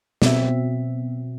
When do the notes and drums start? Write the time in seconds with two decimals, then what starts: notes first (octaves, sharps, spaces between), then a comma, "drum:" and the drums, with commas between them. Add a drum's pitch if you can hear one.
0.22 B2 C4 E5, drum: snare